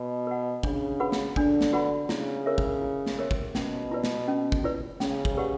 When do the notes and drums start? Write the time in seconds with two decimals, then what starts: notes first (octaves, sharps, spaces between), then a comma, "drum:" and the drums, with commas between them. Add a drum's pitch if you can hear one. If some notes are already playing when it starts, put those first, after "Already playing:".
Already playing: B2 F#4
0.27 B4 F#5
0.63 C#3 D4, drum: kick
1.00 F#4 B4 F#5 B5
1.12 drum: snare
1.36 D3 D4, drum: kick
1.61 drum: snare
1.73 F#4 B4 F#5 B5
2.09 C#3 E4, drum: snare
2.46 A#4 C#5 E5
2.58 drum: kick
2.82 E4
3.06 drum: snare
3.19 A#4 C#5 E5
3.31 drum: kick
3.55 B2 C#4, drum: snare
3.91 E4 B4 D5
4.04 drum: snare
4.28 C#4
4.52 drum: kick
4.64 E4 B4 D5
5.00 C#3 C#4, drum: snare
5.25 drum: kick
5.37 G4 B4 D5 F#5